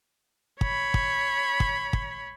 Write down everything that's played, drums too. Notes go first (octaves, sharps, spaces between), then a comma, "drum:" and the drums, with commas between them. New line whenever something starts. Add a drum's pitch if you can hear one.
C#5 B5, drum: kick
drum: kick
drum: kick
drum: kick